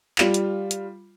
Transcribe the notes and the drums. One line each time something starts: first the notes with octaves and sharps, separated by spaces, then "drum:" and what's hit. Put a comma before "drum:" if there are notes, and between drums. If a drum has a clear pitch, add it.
G3 F4, drum: clap
drum: hi-hat
drum: hi-hat